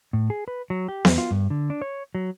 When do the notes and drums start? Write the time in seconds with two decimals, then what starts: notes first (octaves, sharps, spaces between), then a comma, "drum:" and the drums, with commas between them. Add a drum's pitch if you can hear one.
0.13 A2
0.30 G#4
0.48 B4
0.70 F#3
0.88 G4
1.05 E2, drum: snare B3
1.18 F4
1.31 G2
1.50 D3
1.70 D4
1.82 C#5
2.15 F#3